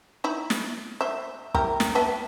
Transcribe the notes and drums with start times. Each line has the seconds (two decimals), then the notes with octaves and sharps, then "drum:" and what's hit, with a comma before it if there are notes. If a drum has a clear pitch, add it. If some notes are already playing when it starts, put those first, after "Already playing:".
0.24 D#4 E4
0.50 drum: snare
1.01 C5 E5
1.54 E4 G4 A#4, drum: kick
1.80 drum: snare
1.95 B4 E5 A5